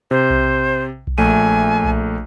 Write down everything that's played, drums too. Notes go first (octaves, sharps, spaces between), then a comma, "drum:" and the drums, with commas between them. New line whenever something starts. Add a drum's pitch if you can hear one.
C3 C5
drum: kick B1
drum: kick B1
A#1 A3 G#5 D#7
drum: kick B1